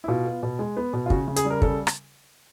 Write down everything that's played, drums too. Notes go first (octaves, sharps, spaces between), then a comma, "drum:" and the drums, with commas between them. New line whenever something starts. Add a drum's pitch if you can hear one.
E4
B2 F4
B3
B2
G#3
B3
B2
F4
C#3 F#4, drum: kick
C#3
G#4, drum: hi-hat
G3
A#4
C#3 A4, drum: kick
drum: rim click